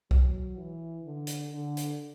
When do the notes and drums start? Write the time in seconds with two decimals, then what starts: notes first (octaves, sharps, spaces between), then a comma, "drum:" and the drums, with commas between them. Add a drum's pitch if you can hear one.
0.11 F#3, drum: kick B1
0.57 E3
1.04 D3
1.27 drum: hi-hat
1.51 D3
1.77 drum: hi-hat